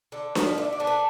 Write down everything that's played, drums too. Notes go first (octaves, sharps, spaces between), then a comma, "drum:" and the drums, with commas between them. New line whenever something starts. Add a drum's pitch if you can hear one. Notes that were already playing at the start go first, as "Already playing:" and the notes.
D3
F3 B3, drum: snare D4
D3 E5
D5
A3 D4
B4